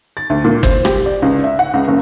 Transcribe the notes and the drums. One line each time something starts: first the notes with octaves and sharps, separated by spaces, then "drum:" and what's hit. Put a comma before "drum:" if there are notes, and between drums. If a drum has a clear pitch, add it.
A6
D2
A#2
C5, drum: kick
G4, drum: rim click
D5
C#2
E5
F#5
C#2
F#1